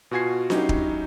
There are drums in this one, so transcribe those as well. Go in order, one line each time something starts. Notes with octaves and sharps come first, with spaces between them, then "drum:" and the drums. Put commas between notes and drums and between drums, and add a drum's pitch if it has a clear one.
B2 F4 F#4 G#5 G#6 C7
F#3 C#4 D#4 E4 F#4 G4, drum: snare D4
drum: kick